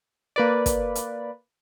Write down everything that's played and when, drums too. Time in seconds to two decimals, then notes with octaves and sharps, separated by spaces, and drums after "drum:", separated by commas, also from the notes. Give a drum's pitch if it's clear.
0.36 A#3 B4 D5
0.66 drum: kick, hi-hat
0.95 drum: hi-hat